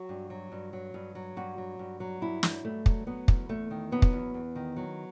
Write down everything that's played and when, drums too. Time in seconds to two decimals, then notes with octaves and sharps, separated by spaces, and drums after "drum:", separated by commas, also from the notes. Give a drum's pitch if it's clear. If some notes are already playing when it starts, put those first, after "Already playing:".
Already playing: F#3 F#4
0.09 G2
0.30 F#3
0.52 G2
0.73 F#3
0.94 G2
1.15 F#3
1.37 G2 F#4
1.58 F#3
1.79 G2
2.00 F#3
2.21 G2 E4
2.43 F#3, drum: snare
2.64 G2 A3
2.86 F#3, drum: kick
3.07 F#3 B3
3.28 E2, drum: kick
3.49 E2 A3
3.71 D#3
3.92 F#3 B3
4.02 drum: kick
4.13 E2
4.34 E2
4.56 D#3
4.76 F#3